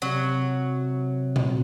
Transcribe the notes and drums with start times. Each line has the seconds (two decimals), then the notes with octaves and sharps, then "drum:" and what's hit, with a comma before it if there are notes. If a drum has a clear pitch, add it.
0.02 C3 F#3
1.36 drum: tom A#2